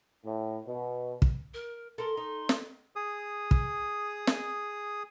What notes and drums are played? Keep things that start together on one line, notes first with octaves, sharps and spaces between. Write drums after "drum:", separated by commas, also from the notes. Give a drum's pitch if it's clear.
A2
B2
drum: kick
A#4
A4 A#4 C6
D#4
drum: snare
G#4 D#6
drum: kick
drum: snare